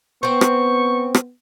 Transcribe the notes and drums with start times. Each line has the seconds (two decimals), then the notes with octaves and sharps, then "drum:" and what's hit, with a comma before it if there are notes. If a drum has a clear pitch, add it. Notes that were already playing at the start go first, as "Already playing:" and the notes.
0.23 B3 C4 C5 C#6
0.41 drum: rim click
1.15 drum: rim click